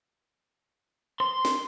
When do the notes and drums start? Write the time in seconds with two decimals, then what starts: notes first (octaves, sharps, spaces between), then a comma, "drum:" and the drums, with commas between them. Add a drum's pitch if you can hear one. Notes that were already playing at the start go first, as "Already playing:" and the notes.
1.20 C6, drum: rim click
1.45 drum: snare